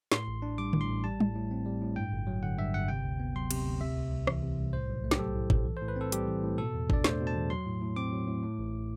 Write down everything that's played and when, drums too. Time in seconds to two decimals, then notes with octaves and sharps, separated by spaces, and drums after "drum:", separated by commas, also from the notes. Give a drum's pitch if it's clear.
0.12 A2 C6, drum: snare
0.27 A1
0.42 D4
0.58 G3 D6
0.73 A2, drum: tom D3
0.81 C6
0.88 A1
1.04 G3 A5
1.20 A2, drum: tom G3
1.35 A2
1.51 C4
1.66 G3
1.82 A2
1.96 G2 G5
2.12 G1
2.27 F#3
2.43 D3 F#5
2.58 G2 E5
2.73 G1 F#5
2.88 C3 G5
3.04 D2
3.20 B3
3.35 F#3 C6
3.51 C3, drum: cymbal
3.66 D2
3.81 C3 E5
3.96 C2
4.12 C2
4.27 E3, drum: rim click
4.43 C3
4.58 C2
4.73 A2 C5
4.90 B1
5.04 A3
5.11 G4, drum: snare
5.19 F#3 A4
5.35 A2
5.50 B1, drum: kick
5.65 E3
5.77 A2 C5
5.88 B4
5.96 C4 A4
6.12 G3 G4, drum: hi-hat
6.27 E3
6.43 A2
6.58 B2 A4
6.74 E2
6.90 D4 D5, drum: kick
7.04 A3 C5, drum: snare
7.20 B2
7.27 A5
7.36 E2
7.50 F#3 C6
7.66 A2
7.82 A2
7.96 C4 D6
8.12 F#3
8.27 A2
8.44 A2
8.59 A1